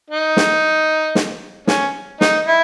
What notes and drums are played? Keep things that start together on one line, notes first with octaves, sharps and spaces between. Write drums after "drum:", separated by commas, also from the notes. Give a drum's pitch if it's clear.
D#4
drum: snare
drum: snare
C#4, drum: snare
D#4, drum: snare
E4